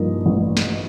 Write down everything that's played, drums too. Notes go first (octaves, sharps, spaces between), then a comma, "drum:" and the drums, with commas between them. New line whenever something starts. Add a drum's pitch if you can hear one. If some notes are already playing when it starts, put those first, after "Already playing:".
Already playing: G2 F3 A#3 D#4 D#5
A1
drum: snare